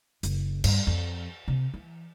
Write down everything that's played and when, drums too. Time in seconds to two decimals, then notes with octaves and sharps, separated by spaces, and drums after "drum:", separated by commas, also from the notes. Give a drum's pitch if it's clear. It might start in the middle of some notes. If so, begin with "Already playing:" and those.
0.23 F#1, drum: hi-hat
0.64 G2, drum: cymbal
0.87 F2
1.48 C3
1.74 E3